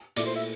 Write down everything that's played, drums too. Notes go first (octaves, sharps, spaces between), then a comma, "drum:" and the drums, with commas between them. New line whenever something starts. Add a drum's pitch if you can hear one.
A#2 A3 E4 D5, drum: hi-hat
C5
E5